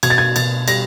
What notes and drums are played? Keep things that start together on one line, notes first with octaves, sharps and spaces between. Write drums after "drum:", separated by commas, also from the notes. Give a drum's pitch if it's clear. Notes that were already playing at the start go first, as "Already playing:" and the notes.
B2 G#6, drum: cymbal
A6
G#6
B2 A6, drum: cymbal
G3 A#6, drum: cymbal